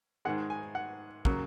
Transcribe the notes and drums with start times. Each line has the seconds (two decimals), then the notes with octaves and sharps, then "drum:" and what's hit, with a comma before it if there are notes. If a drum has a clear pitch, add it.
0.25 G#2 D#3 G#3 F#5
0.50 G#5
0.75 F#5
1.25 C#3 F#3 A#3, drum: kick